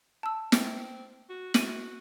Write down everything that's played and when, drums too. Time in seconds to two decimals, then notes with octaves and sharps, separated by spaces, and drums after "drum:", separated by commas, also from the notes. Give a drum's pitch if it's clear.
0.23 A5 E6
0.52 C4, drum: snare
1.29 F#4
1.54 F#4 D#7 F#7, drum: snare